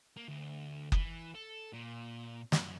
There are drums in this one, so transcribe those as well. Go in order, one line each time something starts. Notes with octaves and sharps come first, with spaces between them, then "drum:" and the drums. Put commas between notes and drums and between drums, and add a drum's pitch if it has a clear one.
A#3
D2
E3, drum: kick F#1
A4
A#2
F#2, drum: snare